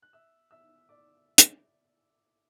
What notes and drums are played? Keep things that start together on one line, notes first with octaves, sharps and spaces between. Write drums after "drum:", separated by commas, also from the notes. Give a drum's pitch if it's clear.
F#6
E5 E6
E5 E6
D5 D6
drum: hi-hat